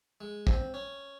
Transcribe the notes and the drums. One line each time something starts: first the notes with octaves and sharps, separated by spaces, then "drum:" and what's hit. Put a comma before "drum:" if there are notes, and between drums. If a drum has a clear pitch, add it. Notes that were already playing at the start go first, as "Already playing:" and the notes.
G#3
C4, drum: kick
C#4